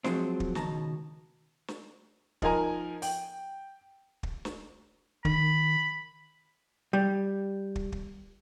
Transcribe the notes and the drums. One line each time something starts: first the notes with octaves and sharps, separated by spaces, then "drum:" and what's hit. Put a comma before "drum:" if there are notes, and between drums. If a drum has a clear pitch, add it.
F3 F#3 G#3 C4, drum: snare
drum: kick
C#2 B2 D#3 A5 A#5, drum: snare
drum: snare
F3 D#4 A#4 G#5 A#5, drum: kick
G5, drum: open hi-hat
drum: kick
drum: snare
D#3 B5, drum: kick
G3
drum: kick
drum: kick